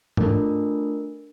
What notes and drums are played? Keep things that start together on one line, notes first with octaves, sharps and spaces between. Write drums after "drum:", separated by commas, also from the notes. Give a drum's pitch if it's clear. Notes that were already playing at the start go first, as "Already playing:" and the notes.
A3 D4 F4 A4 A#4, drum: tom G#2